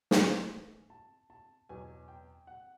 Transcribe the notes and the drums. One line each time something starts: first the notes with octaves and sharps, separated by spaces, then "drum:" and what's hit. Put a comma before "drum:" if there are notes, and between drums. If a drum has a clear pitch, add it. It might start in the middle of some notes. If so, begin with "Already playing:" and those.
A2 E3 G#5, drum: snare
A5
A5
E2 B2 F#3 G#5
G5
F#5